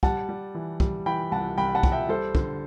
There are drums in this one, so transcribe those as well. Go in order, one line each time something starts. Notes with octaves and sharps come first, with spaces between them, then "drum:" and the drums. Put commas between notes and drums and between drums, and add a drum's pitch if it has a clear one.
G3 F#5 A5, drum: kick
G3
E3
G3, drum: kick
E3 G5 B5
C2 F#5 A5
C2 G5 B5
F#5 A5
G3, drum: kick
E5 G5
G3 A4 C5
D3, drum: kick